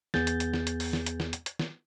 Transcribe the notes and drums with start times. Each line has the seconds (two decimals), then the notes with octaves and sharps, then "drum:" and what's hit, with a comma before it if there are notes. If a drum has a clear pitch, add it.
0.14 E2 B3 G#4 G6 A6, drum: snare
0.27 drum: hi-hat
0.40 drum: hi-hat
0.54 drum: snare
0.67 drum: hi-hat
0.80 drum: open hi-hat
0.93 drum: snare
1.06 drum: hi-hat
1.20 drum: snare
1.33 drum: hi-hat
1.46 drum: hi-hat
1.59 drum: snare